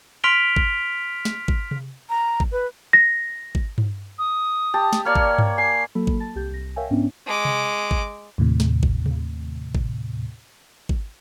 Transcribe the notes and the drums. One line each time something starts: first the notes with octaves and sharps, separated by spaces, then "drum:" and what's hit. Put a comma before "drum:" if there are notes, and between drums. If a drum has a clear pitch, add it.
C6 F6 B6 D7 F7 G7
drum: kick
drum: snare
drum: kick
drum: tom C3
A#5
drum: kick
B4
A#6
drum: kick
drum: tom G2
D#6
G4 A5
drum: snare
A#3 C#5 D5 F6
drum: kick
drum: tom G2
G#5 C7
F#3 A#3 A4 B5
drum: kick
A5 A6
C2 G4 G6
C2 A#6
A#4 C#5 E5 F5 G5 G#5
G#2 B3 C#4 D4
G#3 D6
drum: tom C3
drum: kick
D#2 A2 C3
drum: snare
drum: kick
drum: tom C3
drum: kick
drum: kick